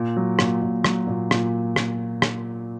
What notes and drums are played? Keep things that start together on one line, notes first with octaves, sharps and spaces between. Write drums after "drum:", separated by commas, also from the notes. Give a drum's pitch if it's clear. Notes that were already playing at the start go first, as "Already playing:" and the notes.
Already playing: A#2
F#3
A#2, drum: rim click
A#2
F#3, drum: rim click
A#2
A#2, drum: rim click
drum: rim click
drum: rim click